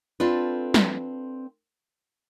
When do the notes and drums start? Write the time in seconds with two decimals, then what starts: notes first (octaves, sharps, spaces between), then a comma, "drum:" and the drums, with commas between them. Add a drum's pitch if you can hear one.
0.20 C4 D4 F4 A4 B4
0.74 drum: snare